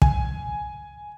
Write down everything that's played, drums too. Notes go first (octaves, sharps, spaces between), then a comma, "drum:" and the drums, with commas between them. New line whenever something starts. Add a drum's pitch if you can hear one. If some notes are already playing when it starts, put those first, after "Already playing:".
G#5, drum: kick